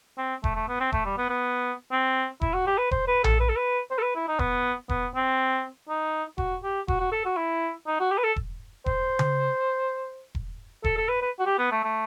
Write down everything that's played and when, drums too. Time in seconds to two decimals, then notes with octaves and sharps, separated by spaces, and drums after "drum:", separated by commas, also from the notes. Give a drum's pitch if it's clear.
0.18 C4
0.44 A3, drum: kick E1
0.55 A3
0.68 B3
0.80 C4
0.92 A3, drum: kick E1
1.05 G3
1.17 B3
1.29 B3
1.92 C4
2.41 E4, drum: kick E1
2.53 F#4
2.67 G4
2.78 B4
2.91 C5, drum: kick E1
3.08 B4
3.24 A4, drum: tom A#1
3.40 B4
3.49 A4
3.57 B4
3.90 C5
3.98 A4
4.02 B4
4.15 E4
4.28 D#4
4.39 B3, drum: kick E1
4.89 B3, drum: kick E1
5.15 C4
5.89 D#4
6.38 F#4, drum: kick E1
6.63 G4
6.88 F#4, drum: kick E1
7.00 F#4
7.12 A4
7.25 F#4
7.37 E4
7.87 D#4
8.00 F#4
8.11 G4
8.18 B4
8.24 A4
8.36 drum: kick E1
8.86 C5, drum: kick E1
9.19 drum: tom C#3
10.35 drum: kick E1
10.84 A4, drum: kick E1
10.97 A4
11.09 B4
11.22 B4
11.39 F#4
11.46 G4
11.58 B3
11.71 A3
11.84 A3